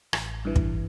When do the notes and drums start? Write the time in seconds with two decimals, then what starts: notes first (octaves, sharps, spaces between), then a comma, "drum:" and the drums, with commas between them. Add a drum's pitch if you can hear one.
0.13 A1, drum: rim click
0.45 G2 E3
0.56 drum: kick